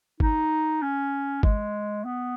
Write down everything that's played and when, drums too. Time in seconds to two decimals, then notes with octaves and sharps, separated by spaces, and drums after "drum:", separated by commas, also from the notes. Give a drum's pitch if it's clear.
0.20 D#4, drum: kick G#1
0.82 C#4
1.43 G#3, drum: kick G#1
2.05 B3